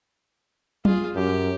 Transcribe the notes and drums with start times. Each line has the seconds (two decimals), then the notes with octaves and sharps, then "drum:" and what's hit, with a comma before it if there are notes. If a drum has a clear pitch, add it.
0.85 F4 G#4, drum: tom F#3
1.15 F#2 G4